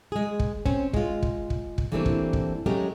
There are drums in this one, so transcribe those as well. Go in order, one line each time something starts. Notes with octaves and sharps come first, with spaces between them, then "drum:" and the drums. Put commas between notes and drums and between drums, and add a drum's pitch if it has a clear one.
G#3 G#4
drum: kick
C4 C#4, drum: kick
G#3 F4, drum: kick
drum: kick
drum: kick
drum: kick
E3 G3 A3 A#3 C4 D4
drum: kick
drum: kick
F#3 G#3 A3 C#4 G4 A#4